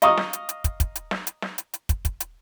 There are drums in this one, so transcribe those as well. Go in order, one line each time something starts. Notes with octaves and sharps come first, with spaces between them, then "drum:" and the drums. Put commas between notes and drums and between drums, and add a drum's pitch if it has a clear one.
D#5 F5 A#5 C#6 D#6, drum: hi-hat
drum: snare
drum: hi-hat
drum: hi-hat
drum: kick, hi-hat
drum: kick, hi-hat
drum: hi-hat
drum: snare
drum: hi-hat
drum: snare
drum: hi-hat
drum: hi-hat
drum: kick, hi-hat
drum: kick, hi-hat
drum: hi-hat